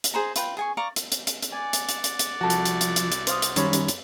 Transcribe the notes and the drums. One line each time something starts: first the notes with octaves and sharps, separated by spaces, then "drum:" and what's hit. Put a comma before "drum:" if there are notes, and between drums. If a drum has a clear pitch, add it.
drum: hi-hat
G#4 C5 A#5
F4 B4 G5, drum: hi-hat
G#4 G#5 C#6
D5 F5 A#5 C#6
drum: hi-hat
drum: hi-hat
drum: hi-hat
drum: hi-hat
D5 F#5 G#5
drum: hi-hat
drum: hi-hat
drum: hi-hat
drum: hi-hat
C2 F3 F#4 A4 A5
drum: hi-hat
drum: hi-hat
drum: hi-hat
drum: hi-hat
drum: hi-hat
C5 F5 D#6, drum: hi-hat
drum: hi-hat
F#2 D#3 G3 C#4 C#5 B5, drum: hi-hat
drum: hi-hat
drum: hi-hat